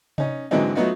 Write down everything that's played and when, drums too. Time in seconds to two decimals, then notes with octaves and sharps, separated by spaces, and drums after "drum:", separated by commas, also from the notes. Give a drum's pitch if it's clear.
0.18 C#4 D#4, drum: tom C3
0.51 G#2 D3 E3 F#3 C4 D#4
0.75 F#3 A3 B3 D#4 F4 F#4